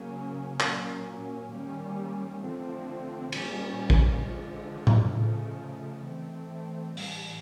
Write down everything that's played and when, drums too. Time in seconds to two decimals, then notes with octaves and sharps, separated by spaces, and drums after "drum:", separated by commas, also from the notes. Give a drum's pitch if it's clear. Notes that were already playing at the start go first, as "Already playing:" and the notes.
Already playing: C#3 F#3 A#3 C#4
0.60 A#2 F#3 A#3 C#4, drum: clap
1.51 D#3 G3 A#3 C#4
2.42 D3 F3 A3 C4
3.32 A#2 G3 A#3 C#4, drum: cymbal
3.90 drum: kick A1
4.24 D3 F3 G#3
4.87 drum: tom A2
5.16 C#3 F3 A3
6.06 E3 A3 C4
6.97 A2 E3 G3, drum: open hi-hat